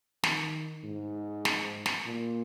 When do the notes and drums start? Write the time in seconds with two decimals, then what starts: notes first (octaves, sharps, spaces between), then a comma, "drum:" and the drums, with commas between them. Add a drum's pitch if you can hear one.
0.23 D#3, drum: snare
0.84 G#2
1.45 drum: snare
1.86 drum: snare
2.06 A#2